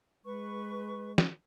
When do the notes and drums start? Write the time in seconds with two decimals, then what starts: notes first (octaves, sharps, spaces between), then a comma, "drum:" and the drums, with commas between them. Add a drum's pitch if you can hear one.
0.25 G#3 B4 C#6
1.18 drum: snare